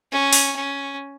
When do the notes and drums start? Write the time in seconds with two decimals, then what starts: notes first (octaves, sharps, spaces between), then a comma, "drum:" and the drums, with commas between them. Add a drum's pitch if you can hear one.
0.12 C#4
0.33 drum: open hi-hat
0.56 C#4